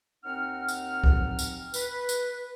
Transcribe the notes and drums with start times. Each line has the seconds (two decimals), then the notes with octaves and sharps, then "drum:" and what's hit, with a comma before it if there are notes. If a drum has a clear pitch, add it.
0.24 D#2 C4 D#4 F#5 F6
0.69 drum: tambourine
1.04 drum: kick
1.39 drum: tambourine
1.74 B4, drum: tambourine
2.09 drum: tambourine